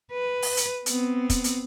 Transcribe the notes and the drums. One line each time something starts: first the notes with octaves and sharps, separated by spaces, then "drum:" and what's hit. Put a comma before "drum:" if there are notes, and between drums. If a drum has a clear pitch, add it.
B4
drum: open hi-hat
drum: hi-hat
B3 C4, drum: hi-hat
drum: kick, hi-hat
drum: hi-hat